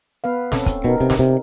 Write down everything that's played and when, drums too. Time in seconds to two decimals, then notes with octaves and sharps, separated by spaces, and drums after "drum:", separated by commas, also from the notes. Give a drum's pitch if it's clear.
0.24 B3 B4 F5
0.52 C4 C#4 A4, drum: snare
0.66 drum: kick, hi-hat
0.84 B2 B3 D#4 A#4
1.01 C3
1.10 drum: snare
1.19 C3